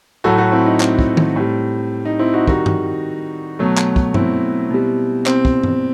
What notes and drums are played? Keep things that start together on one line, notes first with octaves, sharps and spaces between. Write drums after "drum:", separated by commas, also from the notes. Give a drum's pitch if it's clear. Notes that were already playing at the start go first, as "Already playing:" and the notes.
A2 F#3 A3 F#4 A4
F#4 A4
C4 E4
D#4
C4, drum: clap
drum: kick
drum: tom D#3
A2 G3
D#4
C4 E4
D#4 F#4
D#3 G3 D#4 F#4, drum: kick
drum: tom G2
B2 F#3 A3
drum: clap
drum: kick
C4 E4, drum: tom G2
B2 G3
C4, drum: clap
drum: kick
drum: tom G2